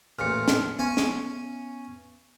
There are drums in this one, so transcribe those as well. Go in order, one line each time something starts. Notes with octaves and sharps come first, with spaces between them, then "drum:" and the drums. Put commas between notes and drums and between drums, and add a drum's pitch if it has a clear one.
A1 A#2 F6 C#7
drum: snare
B3 C#4 G#5
drum: snare